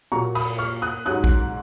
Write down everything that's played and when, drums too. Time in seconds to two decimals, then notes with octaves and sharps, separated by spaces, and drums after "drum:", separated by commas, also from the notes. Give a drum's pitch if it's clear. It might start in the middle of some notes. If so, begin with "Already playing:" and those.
0.12 A#2 F#3 A#3 A#5 C#6
0.35 B5 D#6, drum: cymbal
0.58 C#6 F6
0.82 D#6 F#6
1.05 G#2 F#3 C#4 D#6 F#6
1.24 drum: kick A#1